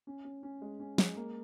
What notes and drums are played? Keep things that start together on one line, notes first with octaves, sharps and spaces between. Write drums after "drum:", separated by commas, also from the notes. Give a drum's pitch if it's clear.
C#4
C#4
C#4
G#3
C#4
G#3, drum: snare
A#3